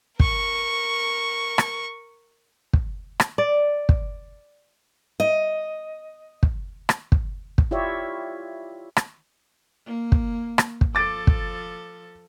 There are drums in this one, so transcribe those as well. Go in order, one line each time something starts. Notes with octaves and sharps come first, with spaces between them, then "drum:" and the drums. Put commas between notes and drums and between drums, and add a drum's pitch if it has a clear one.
A#4 C#6, drum: kick
drum: rim click
drum: kick
drum: rim click
D5
drum: kick
D#5
drum: kick
drum: rim click
drum: kick
drum: kick
E4 F4 G4 C#5 D5 E5
drum: rim click
A#3
drum: kick
drum: rim click
drum: kick
F3 A4 D6 A6 D7
drum: kick